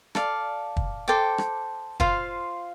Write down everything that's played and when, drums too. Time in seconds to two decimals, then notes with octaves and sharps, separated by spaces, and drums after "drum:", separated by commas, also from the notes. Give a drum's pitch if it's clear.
0.15 A4 D5 F5, drum: rim click
0.77 drum: kick
1.08 A4 C5 G5 D6
1.38 drum: rim click
2.00 F4 C5 F5, drum: kick